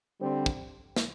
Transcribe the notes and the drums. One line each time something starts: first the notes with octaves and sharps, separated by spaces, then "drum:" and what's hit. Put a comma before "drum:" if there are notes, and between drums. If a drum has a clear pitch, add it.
D3 G3 C4
drum: kick
drum: snare